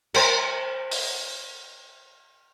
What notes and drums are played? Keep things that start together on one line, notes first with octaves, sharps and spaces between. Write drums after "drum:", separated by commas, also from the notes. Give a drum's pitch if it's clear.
A#4 C5, drum: cymbal
drum: open hi-hat